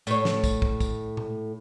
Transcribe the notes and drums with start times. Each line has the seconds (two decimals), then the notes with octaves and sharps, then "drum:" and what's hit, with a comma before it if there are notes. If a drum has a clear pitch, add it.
0.07 A2 C#5, drum: tambourine
0.25 drum: snare
0.44 drum: kick, tambourine
0.62 drum: kick
0.80 drum: kick, tambourine
1.17 drum: tom A#2